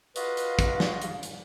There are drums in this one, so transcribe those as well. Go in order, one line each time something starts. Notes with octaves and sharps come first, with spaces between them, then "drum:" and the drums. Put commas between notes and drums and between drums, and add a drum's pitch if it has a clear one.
F4 F#4 B4 D#5 F5, drum: hi-hat
drum: hi-hat
drum: kick, hi-hat
drum: snare
drum: hi-hat
drum: hi-hat